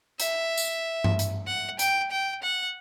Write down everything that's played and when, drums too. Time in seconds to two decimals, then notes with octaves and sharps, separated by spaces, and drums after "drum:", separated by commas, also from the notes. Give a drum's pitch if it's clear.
0.20 E5, drum: hi-hat
0.57 drum: tambourine
1.04 drum: tom G2
1.19 drum: hi-hat
1.47 F#5
1.79 G5, drum: hi-hat
2.11 G5
2.43 F#5